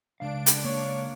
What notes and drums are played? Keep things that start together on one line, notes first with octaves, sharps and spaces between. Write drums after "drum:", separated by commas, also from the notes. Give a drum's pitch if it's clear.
C#2 C3 D4 F5 D7
drum: hi-hat
A#3 C#5